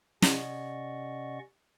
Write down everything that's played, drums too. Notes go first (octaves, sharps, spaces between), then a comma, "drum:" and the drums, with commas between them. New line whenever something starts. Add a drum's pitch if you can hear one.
C3 C#4 D5 D#5 F#5 C#6, drum: snare